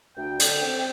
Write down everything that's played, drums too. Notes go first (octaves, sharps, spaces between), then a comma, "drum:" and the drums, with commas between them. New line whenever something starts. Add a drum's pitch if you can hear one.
D2 G5
D3, drum: hi-hat
C4